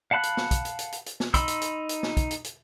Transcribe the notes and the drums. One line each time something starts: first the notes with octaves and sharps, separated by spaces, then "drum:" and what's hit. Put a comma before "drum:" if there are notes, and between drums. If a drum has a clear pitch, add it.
F5 F#5 A5 B5 F#6
drum: hi-hat
drum: snare
drum: kick, hi-hat
drum: hi-hat
drum: hi-hat
drum: hi-hat
drum: hi-hat
drum: snare
D#4 B5 C6 E6, drum: kick, hi-hat
drum: hi-hat
drum: hi-hat
drum: hi-hat
drum: snare
drum: kick, hi-hat
drum: hi-hat
drum: hi-hat